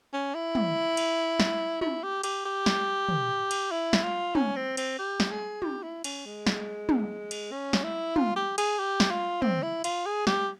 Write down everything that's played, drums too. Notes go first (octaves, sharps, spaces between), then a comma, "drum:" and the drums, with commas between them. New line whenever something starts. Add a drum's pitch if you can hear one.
C#4
E4
drum: tom
drum: cymbal
drum: snare
E4, drum: tom
G4
G4, drum: cymbal
G4
drum: snare
drum: tom
drum: cymbal
E4
drum: snare
F4
C#4, drum: tom
C4
C4, drum: cymbal
G4
drum: snare
G#4
G4, drum: tom
E4
C#4, drum: cymbal
G#3
drum: snare
drum: tom
drum: cymbal
C#4
drum: snare
E4
F4, drum: tom
G4
G#4, drum: cymbal
G4
drum: snare
F4
C4, drum: tom
E4
F4, drum: cymbal
G#4
G4, drum: snare